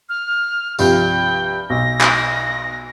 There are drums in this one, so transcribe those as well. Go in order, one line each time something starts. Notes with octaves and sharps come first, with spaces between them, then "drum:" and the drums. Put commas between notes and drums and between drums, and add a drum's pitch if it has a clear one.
F6
C2 G2 F3 G5, drum: tambourine
B1 A#6
drum: clap